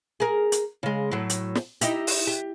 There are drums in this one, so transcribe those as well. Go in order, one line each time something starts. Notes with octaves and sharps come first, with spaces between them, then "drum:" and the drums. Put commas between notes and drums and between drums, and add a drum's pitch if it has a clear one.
G#4 A#4
drum: hi-hat
C#3 G#3
A2 F#3
drum: hi-hat
drum: snare
D#4 E4 G4, drum: hi-hat
drum: open hi-hat
G4